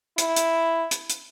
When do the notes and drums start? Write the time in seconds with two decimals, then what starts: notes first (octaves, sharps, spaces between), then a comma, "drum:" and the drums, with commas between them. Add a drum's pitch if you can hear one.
0.18 E4, drum: hi-hat
0.36 drum: hi-hat
0.91 drum: hi-hat
1.09 drum: hi-hat